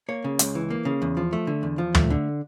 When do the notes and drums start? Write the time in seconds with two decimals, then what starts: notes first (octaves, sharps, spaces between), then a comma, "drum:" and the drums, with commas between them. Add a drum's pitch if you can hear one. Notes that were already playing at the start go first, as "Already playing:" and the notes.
0.09 A#3 C#5
0.24 C#3
0.39 C#2, drum: hi-hat
0.55 E3
0.70 A#3
0.85 C#3
1.02 E2
1.17 F3
1.33 A3
1.47 D3
1.63 E2
1.78 F3
1.95 A3, drum: tom
2.10 D3